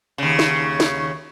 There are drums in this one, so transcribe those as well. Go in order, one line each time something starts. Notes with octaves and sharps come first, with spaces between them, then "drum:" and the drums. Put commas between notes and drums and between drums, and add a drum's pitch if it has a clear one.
D#2 C#3
drum: snare
drum: snare